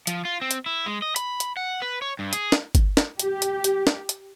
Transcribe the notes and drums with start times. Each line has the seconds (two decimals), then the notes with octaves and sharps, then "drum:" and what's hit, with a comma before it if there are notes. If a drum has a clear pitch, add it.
0.07 F3, drum: hi-hat
0.25 F4
0.42 C4
0.51 drum: hi-hat
0.66 E4
0.86 G#3
1.02 D#5
1.16 B5, drum: hi-hat
1.40 drum: hi-hat
1.57 F#5
1.82 B4
2.02 C#5
2.19 G2
2.33 G#4, drum: hi-hat
2.52 drum: snare
2.75 drum: kick G1, hi-hat
2.97 drum: snare
3.19 G4, drum: hi-hat
3.42 drum: hi-hat
3.64 drum: hi-hat
3.87 drum: snare
4.09 drum: hi-hat